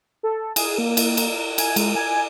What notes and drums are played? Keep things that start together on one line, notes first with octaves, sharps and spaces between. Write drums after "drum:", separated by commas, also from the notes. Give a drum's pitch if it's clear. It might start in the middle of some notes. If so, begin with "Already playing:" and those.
A4
G#4, drum: cymbal
A#3
drum: cymbal
drum: cymbal
G#5, drum: cymbal
G#3, drum: cymbal
G#5